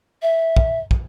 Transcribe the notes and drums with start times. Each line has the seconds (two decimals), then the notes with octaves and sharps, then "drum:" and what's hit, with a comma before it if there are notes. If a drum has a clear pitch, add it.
0.22 E5
0.57 drum: kick
0.91 drum: kick